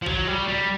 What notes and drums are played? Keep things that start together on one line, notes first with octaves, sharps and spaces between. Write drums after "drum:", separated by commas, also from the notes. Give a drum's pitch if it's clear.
F3
F#3, drum: kick A#1
G3
G3